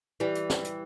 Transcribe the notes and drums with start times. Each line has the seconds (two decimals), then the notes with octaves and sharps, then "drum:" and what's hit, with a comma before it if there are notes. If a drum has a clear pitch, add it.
0.20 E3 G3
0.35 drum: hi-hat
0.50 drum: snare
0.64 drum: hi-hat